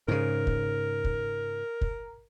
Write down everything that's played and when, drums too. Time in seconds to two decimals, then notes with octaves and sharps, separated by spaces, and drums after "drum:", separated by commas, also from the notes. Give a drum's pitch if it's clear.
0.08 G#2 C#3 A#4
0.47 drum: kick
1.04 drum: kick
1.81 drum: kick